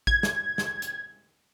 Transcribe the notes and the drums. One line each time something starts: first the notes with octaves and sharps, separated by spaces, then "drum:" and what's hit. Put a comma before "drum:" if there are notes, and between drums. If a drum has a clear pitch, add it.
G#6, drum: kick A1
drum: snare
drum: snare
drum: hi-hat